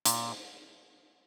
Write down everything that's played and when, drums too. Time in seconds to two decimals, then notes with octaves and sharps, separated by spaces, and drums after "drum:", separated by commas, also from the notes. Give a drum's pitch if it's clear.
0.05 A#2, drum: hi-hat